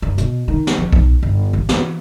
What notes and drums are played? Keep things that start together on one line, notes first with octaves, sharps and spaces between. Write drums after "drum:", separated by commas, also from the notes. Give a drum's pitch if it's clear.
F#2
B2, drum: hi-hat
D#3
drum: snare
F2
B1, drum: kick C#2
G1
A1
E3, drum: snare